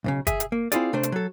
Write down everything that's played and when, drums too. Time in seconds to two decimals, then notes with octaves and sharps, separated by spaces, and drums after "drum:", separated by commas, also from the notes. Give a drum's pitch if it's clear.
0.04 B1 A2 C#3
0.27 G#4 E5, drum: kick, hi-hat
0.40 drum: hi-hat
0.52 A#3
0.72 C4 E4 F4 G#4 D5, drum: hi-hat
0.93 C3 A3 D4 C5
1.03 drum: hi-hat
1.12 F#3 A4